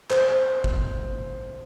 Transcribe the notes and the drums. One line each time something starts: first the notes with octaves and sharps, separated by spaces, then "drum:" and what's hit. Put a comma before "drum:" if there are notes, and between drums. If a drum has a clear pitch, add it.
C5, drum: clap
drum: kick